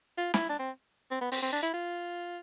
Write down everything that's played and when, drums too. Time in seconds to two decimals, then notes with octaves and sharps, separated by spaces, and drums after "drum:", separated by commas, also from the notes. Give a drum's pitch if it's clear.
0.18 F4
0.34 E4, drum: snare
0.49 D4
0.59 C4
1.11 C4
1.21 B3
1.32 C4, drum: open hi-hat
1.42 C4
1.52 D4
1.63 E4
1.74 F4